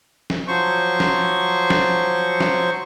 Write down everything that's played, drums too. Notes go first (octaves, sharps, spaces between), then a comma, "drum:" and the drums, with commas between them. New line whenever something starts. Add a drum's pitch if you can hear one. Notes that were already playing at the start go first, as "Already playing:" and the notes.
drum: snare
F3 F#3 C5 C#6
drum: snare
drum: snare
drum: snare